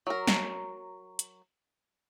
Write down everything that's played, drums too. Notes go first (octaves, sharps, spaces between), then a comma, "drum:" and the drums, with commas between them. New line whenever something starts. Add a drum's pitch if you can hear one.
F#3 A#4
drum: snare
drum: hi-hat